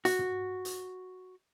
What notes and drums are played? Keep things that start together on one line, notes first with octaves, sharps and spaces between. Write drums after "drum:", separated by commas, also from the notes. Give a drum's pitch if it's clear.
F#4, drum: hi-hat
drum: tom
drum: hi-hat